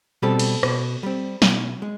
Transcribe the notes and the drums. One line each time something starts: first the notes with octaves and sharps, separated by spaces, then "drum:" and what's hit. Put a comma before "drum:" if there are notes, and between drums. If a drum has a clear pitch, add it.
B2 G3 C4 A4
drum: cymbal
B2, drum: rim click
G3 C4
B2, drum: snare
G#3